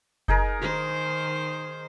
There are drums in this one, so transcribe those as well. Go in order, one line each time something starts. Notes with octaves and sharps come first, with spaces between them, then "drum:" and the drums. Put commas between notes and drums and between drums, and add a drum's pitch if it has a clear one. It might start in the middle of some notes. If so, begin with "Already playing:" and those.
D#4 G#4 A#4, drum: kick F#1
D#3 C5